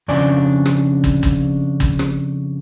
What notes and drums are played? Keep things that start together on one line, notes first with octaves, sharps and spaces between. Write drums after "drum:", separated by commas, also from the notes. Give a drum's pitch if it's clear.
F2 C#3 D4 D5 G#5
drum: rim click
drum: kick
drum: kick
drum: kick
drum: rim click